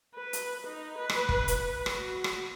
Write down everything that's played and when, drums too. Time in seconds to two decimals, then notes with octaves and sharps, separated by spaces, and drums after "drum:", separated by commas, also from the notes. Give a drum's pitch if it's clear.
0.15 B4
0.33 drum: hi-hat
0.67 D#4
0.98 B4
1.10 drum: rim click
1.29 drum: kick
1.48 drum: hi-hat
1.86 F#4, drum: rim click
2.24 drum: rim click